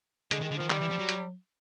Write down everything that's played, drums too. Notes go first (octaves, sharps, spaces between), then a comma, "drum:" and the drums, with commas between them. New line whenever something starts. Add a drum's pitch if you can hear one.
D3 G#3, drum: hi-hat
D#3
G#3
D3
D#3 F3
D#3 G3, drum: clap
E3
F3
F#3
drum: hi-hat